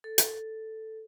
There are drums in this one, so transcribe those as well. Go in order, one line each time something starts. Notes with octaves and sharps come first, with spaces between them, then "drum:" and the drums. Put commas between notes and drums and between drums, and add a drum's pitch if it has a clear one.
A4
drum: hi-hat